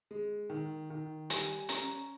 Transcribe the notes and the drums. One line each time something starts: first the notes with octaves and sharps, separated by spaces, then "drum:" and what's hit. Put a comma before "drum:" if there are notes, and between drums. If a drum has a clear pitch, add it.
G#3
D#3
D#3
G3 G#5, drum: hi-hat
C#4 A#5, drum: hi-hat